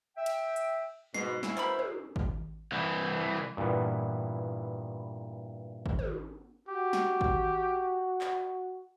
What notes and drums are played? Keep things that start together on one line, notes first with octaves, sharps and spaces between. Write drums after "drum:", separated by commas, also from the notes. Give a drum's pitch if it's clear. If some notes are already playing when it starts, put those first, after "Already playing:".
E5 G5
drum: cymbal
drum: hi-hat
G#2 B2 C7, drum: snare
C#4 E4, drum: snare
B2 A#4 C5 B5
drum: tom
drum: kick G#1
C2 E3
G2 A#2 E3 B3
drum: kick G#1
drum: tom
F#4 G4
drum: snare
drum: kick G#1
drum: clap